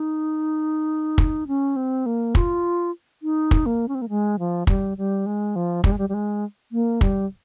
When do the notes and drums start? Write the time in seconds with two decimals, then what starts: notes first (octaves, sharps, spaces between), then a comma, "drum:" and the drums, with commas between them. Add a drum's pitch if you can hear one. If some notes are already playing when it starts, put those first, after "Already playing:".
Already playing: D#4
1.18 drum: kick
1.48 C#4
1.76 C4
2.06 A#3
2.35 F4, drum: kick
3.23 D#4
3.51 drum: kick
3.66 A#3
3.88 C#4
3.95 C4
4.02 A#3
4.09 G#3
4.39 F3
4.67 G3, drum: kick
4.97 G3
5.26 G#3
5.56 F3
5.84 G3, drum: kick
5.92 G#3
5.98 G3
6.09 G3
6.14 G#3
6.72 A#3
7.01 G3, drum: kick